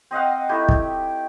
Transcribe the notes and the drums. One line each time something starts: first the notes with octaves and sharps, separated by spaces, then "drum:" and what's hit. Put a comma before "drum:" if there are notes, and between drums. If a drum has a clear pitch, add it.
C4 D#5 F5 F#5
A3 D#4 E4 G4
drum: kick